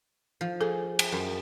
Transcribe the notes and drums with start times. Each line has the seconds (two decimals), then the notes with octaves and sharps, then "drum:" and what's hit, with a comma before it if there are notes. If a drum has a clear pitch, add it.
0.41 F3
0.61 G#4 A4
0.99 drum: cymbal
1.12 F#2